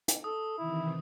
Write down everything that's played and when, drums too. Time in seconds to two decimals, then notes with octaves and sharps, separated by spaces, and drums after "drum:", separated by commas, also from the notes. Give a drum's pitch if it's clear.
0.08 drum: hi-hat
0.24 A4 D#6
0.58 C3 D#3 E3 E4